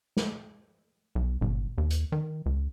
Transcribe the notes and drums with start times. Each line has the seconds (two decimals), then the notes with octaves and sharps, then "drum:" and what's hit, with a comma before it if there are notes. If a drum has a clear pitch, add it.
0.17 drum: snare
1.15 B1
1.41 G1, drum: tom A#2
1.78 D#2
1.90 drum: hi-hat
2.12 D#3
2.46 C#2